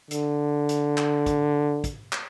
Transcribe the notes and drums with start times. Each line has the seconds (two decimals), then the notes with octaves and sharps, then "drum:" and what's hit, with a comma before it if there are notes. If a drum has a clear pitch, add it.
0.11 D3, drum: hi-hat
0.69 drum: hi-hat
0.98 drum: clap
1.26 drum: kick, hi-hat
1.84 drum: kick, hi-hat
2.13 drum: clap